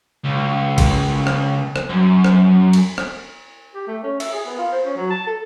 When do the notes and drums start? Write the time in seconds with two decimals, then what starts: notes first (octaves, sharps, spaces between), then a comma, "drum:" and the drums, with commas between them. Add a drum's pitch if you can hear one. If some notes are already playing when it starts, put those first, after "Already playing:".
0.24 C#2
0.78 drum: kick, cymbal
1.27 drum: rim click
1.76 drum: rim click
1.89 F#2
2.24 drum: rim click
2.73 drum: cymbal
2.98 drum: rim click
3.75 G4
3.88 A3
4.04 C#4
4.20 E5, drum: cymbal
4.33 G#4
4.46 B3
4.58 F4
4.72 C5
4.85 C#4
4.96 F#3
5.11 A5
5.27 A4